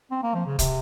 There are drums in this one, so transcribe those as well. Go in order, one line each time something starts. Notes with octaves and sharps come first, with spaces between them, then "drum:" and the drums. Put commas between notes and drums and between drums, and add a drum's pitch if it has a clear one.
C4
A#3
F3
C#3
C3, drum: kick, hi-hat